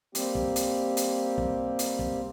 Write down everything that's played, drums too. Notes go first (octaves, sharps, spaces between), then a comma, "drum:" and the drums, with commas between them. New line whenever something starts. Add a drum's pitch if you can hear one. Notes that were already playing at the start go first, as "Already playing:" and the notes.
G3 A#3 C4 G4, drum: hi-hat
drum: kick
drum: hi-hat
drum: hi-hat
drum: kick
drum: hi-hat
drum: kick